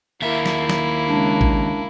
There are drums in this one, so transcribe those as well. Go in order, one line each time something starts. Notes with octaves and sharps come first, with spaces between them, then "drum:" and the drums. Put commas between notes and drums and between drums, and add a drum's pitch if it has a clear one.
D#2 A#3 E4 E5
drum: snare
drum: snare
C#3 G#3 D4
drum: kick